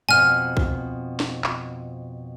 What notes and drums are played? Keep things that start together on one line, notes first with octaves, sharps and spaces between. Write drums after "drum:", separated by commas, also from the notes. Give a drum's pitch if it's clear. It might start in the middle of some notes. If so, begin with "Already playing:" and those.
F2 B2 G#5 F6
drum: kick
drum: snare C4
drum: clap